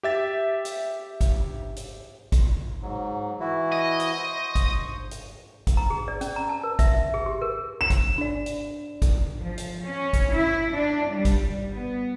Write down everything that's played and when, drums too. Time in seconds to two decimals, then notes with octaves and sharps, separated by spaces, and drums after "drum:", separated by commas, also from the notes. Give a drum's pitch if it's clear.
0.03 G4 E5 A6
0.65 drum: hi-hat
1.21 drum: kick, hi-hat
1.76 drum: hi-hat
2.32 drum: kick, hi-hat
2.82 G#2 F#3
3.40 E3 E4 F#4
3.73 D#5
4.00 drum: hi-hat
4.16 C5 C#6
4.55 drum: kick, hi-hat
5.11 drum: hi-hat
5.67 drum: kick, hi-hat
5.77 A#5
5.90 G#4
6.08 D5
6.21 C#4, drum: hi-hat
6.36 A#5
6.49 A5
6.64 A#4
6.79 E5, drum: kick, hi-hat
6.94 E5
7.14 G#4
7.26 G4
7.42 A#4
7.81 E7
7.90 drum: kick, hi-hat
8.18 D4 D5
8.46 drum: hi-hat
9.02 drum: kick, hi-hat
9.39 F3
9.58 drum: hi-hat
9.85 C#4
10.13 drum: kick, hi-hat
10.33 E4
10.76 D4
11.12 G3
11.25 drum: kick, hi-hat
11.72 B3